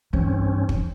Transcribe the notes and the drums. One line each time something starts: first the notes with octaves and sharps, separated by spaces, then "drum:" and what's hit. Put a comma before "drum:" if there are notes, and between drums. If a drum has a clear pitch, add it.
G2 E3 C4 C#4 D#4
drum: kick